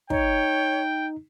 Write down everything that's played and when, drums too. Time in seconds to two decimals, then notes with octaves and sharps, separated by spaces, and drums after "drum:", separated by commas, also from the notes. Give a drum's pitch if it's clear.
0.10 D#4 C#5 G5, drum: kick